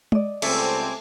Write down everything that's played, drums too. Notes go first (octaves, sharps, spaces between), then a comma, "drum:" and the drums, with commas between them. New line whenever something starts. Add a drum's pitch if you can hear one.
D5 D#5, drum: tom G#3
C#2 G3 A3 C4 G#5 D6, drum: cymbal